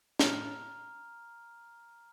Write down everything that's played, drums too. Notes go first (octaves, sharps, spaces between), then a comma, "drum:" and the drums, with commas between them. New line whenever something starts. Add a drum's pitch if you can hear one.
A#5 F6, drum: snare